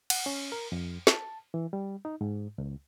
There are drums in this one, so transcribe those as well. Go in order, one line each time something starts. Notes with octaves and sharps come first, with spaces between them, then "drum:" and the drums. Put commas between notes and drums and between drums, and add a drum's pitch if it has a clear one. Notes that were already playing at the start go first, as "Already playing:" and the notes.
F#5, drum: cymbal
C#4
A#4
F2
A5, drum: snare
E3
G3
D#4
G#2
C#2